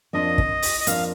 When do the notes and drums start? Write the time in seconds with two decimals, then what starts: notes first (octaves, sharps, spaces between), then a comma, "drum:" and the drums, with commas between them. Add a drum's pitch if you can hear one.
0.13 F2 F3 A#3 D4 D#5
0.38 drum: kick
0.62 drum: open hi-hat
0.80 D#5
0.87 F2 F3 A#3 D4 F5, drum: hi-hat